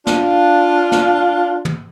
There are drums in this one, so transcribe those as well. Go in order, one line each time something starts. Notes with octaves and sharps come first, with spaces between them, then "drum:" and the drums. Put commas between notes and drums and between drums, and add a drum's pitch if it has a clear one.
D4 F4, drum: snare
drum: snare
drum: tom